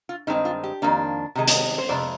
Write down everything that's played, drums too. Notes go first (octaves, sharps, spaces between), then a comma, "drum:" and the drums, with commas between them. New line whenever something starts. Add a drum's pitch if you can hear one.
F4
G2 D#3 G#3 C4 D#4
F4
G4
F2 D#3 A#3 D4
C3 D#3 G#3
drum: hi-hat
C5
F2 C3 G#3 D5